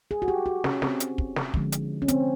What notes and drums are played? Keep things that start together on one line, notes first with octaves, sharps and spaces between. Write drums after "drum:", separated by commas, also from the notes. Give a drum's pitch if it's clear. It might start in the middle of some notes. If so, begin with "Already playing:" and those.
G#4
F#4
G4
F#4
C#4, drum: snare
C4, drum: snare
drum: hi-hat
drum: kick
drum: snare
D3 F3 G#3, drum: kick
drum: hi-hat
C#4
C4, drum: hi-hat